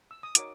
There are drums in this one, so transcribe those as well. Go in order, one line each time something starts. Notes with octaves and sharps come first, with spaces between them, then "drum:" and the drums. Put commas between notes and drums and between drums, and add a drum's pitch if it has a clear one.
E6
D#6
D#4 F#4 A#4 C#5 D6, drum: hi-hat